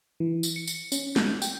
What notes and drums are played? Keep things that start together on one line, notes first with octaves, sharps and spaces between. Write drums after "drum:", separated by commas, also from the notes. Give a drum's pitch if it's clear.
E3
drum: tambourine
C#7
drum: tambourine
C#4, drum: tambourine
drum: snare
G5, drum: tambourine